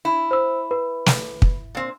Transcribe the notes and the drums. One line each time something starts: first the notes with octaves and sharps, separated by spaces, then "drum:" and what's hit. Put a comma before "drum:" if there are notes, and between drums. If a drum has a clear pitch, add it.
E4
C5 E6
B4
drum: snare
drum: kick
A#2 C4